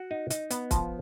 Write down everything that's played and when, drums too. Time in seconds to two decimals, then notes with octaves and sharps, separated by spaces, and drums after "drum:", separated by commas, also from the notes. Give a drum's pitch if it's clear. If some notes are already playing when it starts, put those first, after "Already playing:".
Already playing: F#4
0.11 D#4
0.30 D#4, drum: hi-hat
0.51 B3, drum: hi-hat
0.71 F3, drum: kick, hi-hat